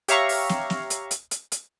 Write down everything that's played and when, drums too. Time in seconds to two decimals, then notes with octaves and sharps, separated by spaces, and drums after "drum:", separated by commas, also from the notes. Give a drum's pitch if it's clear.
0.08 G4 C#5 E5 F5 A#5 C#6, drum: hi-hat
0.29 drum: open hi-hat
0.49 drum: snare
0.70 drum: snare
0.90 drum: hi-hat
1.11 drum: hi-hat
1.31 drum: hi-hat
1.52 drum: hi-hat